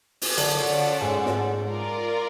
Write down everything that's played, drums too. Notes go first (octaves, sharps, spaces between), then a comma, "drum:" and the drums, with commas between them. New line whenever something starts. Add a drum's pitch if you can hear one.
drum: open hi-hat
D3 C#4 D4 F4 A4 D5 F#5, drum: hi-hat
G#2 G#3
drum: snare
F4 A#4 D5